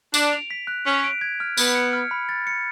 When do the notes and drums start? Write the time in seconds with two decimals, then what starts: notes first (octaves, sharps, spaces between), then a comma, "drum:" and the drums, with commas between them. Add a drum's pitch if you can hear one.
0.14 D4 D7, drum: tambourine
0.32 F7
0.50 B6
0.67 F#6
0.86 C#4 B6
1.04 D7
1.21 G#6
1.40 F6
1.57 B3 G#6, drum: tambourine
1.75 C#7
1.93 F6
2.11 B5
2.29 A6
2.47 C#7